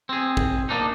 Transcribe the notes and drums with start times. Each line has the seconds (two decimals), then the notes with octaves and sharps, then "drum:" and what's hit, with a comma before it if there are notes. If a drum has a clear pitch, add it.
0.09 C4 G#4
0.37 drum: kick
0.69 A#3 D4 D#4